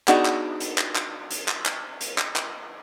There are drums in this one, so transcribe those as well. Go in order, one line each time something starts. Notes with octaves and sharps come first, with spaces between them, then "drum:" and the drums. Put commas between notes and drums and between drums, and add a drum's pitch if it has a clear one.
B3 D4 D#4 F#4 G#4, drum: clap
drum: clap
drum: hi-hat
drum: clap
drum: clap
drum: hi-hat
drum: clap
drum: clap
drum: hi-hat
drum: clap
drum: clap